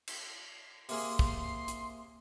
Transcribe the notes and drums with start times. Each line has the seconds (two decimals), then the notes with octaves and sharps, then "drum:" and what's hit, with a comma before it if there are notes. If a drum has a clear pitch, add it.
0.08 drum: cymbal
0.89 C3 A#3 G#4 C6, drum: open hi-hat
1.19 drum: kick
1.68 drum: hi-hat